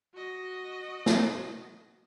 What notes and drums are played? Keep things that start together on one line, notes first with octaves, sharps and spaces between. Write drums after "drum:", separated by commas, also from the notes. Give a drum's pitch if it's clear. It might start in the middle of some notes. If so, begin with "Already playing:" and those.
F#4 D#5
drum: snare